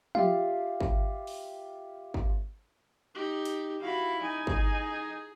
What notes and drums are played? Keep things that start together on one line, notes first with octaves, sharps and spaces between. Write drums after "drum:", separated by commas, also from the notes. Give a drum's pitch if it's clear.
F4 G4 E5 F5, drum: tom F3
drum: kick
drum: open hi-hat
drum: kick
D#4 G4
drum: hi-hat
E4 F#4 F5 B5
D#4 G#5
G#4, drum: kick